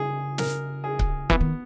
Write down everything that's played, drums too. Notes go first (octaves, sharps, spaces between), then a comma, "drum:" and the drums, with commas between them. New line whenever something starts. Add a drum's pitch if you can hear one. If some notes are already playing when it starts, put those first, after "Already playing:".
Already playing: C#3 G#4
A#4, drum: snare
G#4
drum: kick C#1
E3 B3, drum: kick C#1
D#3